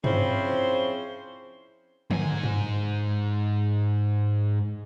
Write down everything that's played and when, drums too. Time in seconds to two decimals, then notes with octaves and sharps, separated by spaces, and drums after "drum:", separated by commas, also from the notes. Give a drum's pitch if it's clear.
0.04 F3 C4 C#4 E4 G#4 C5, drum: tom G2
2.11 G#2 G#5, drum: tom D3
2.43 drum: tom G2